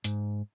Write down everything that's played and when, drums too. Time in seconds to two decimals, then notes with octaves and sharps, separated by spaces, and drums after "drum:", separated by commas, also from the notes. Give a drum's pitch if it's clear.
0.04 G#2, drum: hi-hat